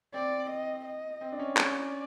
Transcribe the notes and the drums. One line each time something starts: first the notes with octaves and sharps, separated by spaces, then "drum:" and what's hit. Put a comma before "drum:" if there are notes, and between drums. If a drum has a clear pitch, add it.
C4 D5
D#5
D#5
C4
D4
C#4
C#4 D5, drum: clap